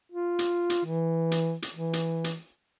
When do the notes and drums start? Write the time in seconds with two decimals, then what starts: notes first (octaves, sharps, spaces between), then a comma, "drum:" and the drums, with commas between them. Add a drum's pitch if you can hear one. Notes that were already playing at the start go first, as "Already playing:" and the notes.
0.12 F4
0.39 drum: hi-hat
0.70 drum: hi-hat
0.85 E3
1.31 drum: hi-hat
1.62 drum: hi-hat
1.72 E3
1.93 drum: hi-hat
2.24 drum: hi-hat